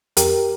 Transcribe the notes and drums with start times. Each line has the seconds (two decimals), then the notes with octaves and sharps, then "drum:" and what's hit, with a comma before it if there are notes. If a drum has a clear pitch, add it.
0.17 F2 G4 A#4, drum: hi-hat